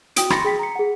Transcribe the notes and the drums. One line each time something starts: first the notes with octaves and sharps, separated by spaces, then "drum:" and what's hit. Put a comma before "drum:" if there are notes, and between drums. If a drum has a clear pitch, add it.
F#4 G5 D#6 D7, drum: hi-hat
B5 C6 A6 A#6 C#7, drum: rim click
G#4 G5 B6
A#5 C#7
G#4 F#5